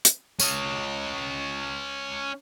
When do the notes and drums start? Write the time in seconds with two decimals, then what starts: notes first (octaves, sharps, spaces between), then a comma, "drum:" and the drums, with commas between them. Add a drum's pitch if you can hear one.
0.05 drum: hi-hat
0.40 C#4 D#5, drum: tambourine